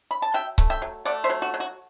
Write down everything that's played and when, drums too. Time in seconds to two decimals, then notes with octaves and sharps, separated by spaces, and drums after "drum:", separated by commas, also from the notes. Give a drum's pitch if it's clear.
0.11 B5
0.22 A5
0.34 F#3 E5 G5
0.58 A3, drum: kick C#1
0.70 E5 G5
0.82 F#3
1.05 A3 D5 F#5
1.24 C5 E5
1.30 F#3
1.42 F#4
1.54 F#3
1.60 F#4